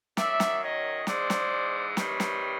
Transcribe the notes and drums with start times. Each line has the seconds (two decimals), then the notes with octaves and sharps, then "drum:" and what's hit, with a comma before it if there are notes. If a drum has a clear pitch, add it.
0.17 F#2 D#3 F#3 D5 E5, drum: snare
0.40 drum: snare
0.62 C#5 D#5
1.07 G#2 E3 G#3 C5 D5, drum: snare
1.30 drum: snare
1.97 C3 D#3 G3 B4 C#5, drum: snare
2.20 drum: snare